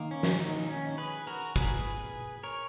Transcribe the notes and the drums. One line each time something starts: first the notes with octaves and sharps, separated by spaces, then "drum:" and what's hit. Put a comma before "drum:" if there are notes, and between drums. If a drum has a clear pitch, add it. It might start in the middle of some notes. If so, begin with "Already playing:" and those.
Already playing: D#3 A#3
C#4
drum: snare
D#4
C#4
G#4 B4
F#4 A#4
G#4 B4, drum: kick
A#4 C#5